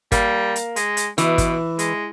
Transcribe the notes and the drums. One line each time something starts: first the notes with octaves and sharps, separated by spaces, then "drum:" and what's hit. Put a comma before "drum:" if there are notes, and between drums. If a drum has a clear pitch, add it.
G3 A#3, drum: kick G#1, hi-hat
drum: hi-hat
G#3, drum: hi-hat
drum: hi-hat
B2 E3, drum: hi-hat
drum: kick G#1, hi-hat
G#3, drum: hi-hat